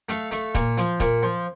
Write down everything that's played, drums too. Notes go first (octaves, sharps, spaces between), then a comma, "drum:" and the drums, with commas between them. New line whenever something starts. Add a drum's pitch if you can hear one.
A3 F5, drum: hi-hat
A3, drum: hi-hat
A#2, drum: kick E1, hi-hat
F3, drum: hi-hat
A#2, drum: kick E1, hi-hat
F3